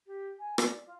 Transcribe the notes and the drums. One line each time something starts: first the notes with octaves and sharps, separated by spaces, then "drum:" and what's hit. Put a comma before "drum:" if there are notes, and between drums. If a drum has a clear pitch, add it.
G4
G#5
D5, drum: rim click
F4